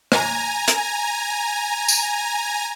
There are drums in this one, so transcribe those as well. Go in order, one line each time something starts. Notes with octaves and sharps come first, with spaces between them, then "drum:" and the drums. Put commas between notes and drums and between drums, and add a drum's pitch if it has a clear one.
G#5 A#5, drum: rim click
drum: hi-hat
drum: tambourine